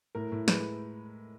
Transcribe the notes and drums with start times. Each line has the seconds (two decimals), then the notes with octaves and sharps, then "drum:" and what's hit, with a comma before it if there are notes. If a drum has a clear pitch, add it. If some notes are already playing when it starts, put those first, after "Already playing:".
0.15 A2 A#4
0.32 A2
0.48 G#3 B4, drum: snare